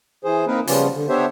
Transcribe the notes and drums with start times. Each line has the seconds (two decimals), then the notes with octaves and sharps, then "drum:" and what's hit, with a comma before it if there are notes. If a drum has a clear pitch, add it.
0.25 E3 G#4 C5
0.47 A#3 C4 D#4 A#4 B4
0.67 C#3 F3 G3 B3 C#4 F4, drum: open hi-hat
0.95 D3
1.09 B3 D4 G4 C5 C#5 E5